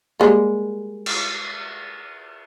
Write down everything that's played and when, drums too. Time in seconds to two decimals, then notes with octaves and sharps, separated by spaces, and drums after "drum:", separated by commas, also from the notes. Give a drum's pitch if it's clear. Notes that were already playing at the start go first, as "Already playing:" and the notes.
0.20 G3 G#3 A#3
1.06 drum: cymbal